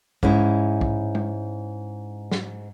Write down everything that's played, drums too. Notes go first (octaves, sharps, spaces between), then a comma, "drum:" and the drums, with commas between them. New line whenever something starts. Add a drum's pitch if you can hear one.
G#2 C#4 E4, drum: kick
drum: kick
drum: tom G#3
drum: snare